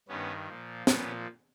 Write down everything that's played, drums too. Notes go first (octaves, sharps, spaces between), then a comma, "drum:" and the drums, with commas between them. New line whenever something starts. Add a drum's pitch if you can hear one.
G2 D#3 B3 C#4
A#2 F3
A#2 F3 B3 C#4, drum: snare